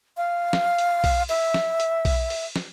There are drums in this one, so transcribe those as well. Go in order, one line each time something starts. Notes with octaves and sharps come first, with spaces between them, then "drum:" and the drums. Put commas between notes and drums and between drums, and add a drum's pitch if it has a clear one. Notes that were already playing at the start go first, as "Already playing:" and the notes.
F5
drum: snare
drum: hi-hat
drum: kick B1, open hi-hat
E5, drum: open hi-hat
drum: snare
drum: hi-hat
drum: kick B1, open hi-hat
drum: open hi-hat
drum: snare